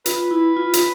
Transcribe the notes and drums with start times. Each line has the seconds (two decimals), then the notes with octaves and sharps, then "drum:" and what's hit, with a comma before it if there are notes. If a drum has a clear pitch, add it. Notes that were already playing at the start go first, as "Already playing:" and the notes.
0.06 F4 B4, drum: hi-hat
0.31 E4
0.57 F4
0.73 drum: hi-hat